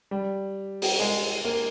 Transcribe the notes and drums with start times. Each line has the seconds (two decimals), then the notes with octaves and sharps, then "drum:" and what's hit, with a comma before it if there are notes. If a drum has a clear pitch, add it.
0.11 G3
0.82 drum: open hi-hat
1.00 G#3
1.45 A#3